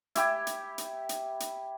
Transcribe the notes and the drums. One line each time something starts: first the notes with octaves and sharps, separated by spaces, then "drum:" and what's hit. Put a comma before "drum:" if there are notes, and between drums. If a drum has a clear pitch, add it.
E4 G4, drum: hi-hat
drum: hi-hat
drum: hi-hat
drum: hi-hat
drum: hi-hat